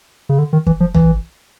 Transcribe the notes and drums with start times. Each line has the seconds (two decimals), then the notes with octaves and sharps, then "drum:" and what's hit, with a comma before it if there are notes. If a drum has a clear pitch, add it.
0.29 C#3
0.38 D3
0.53 D#3
0.67 E3, drum: kick
0.80 F3
0.94 E3, drum: tom